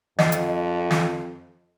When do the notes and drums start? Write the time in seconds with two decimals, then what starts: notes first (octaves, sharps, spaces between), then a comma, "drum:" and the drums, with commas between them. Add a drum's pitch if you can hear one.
0.19 F2 D#5 F#5, drum: snare
0.32 drum: hi-hat
0.91 drum: snare